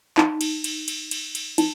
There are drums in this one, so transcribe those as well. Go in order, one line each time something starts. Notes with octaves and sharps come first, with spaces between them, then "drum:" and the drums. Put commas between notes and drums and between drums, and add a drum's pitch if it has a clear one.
D#4, drum: clap
drum: cymbal
drum: cymbal
drum: cymbal
drum: cymbal
drum: cymbal
D#4, drum: cymbal